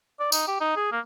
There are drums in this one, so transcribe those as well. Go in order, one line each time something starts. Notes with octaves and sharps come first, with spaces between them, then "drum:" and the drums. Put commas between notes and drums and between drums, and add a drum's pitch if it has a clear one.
D5
D#4, drum: tambourine
G4
D#4
G#4
A#3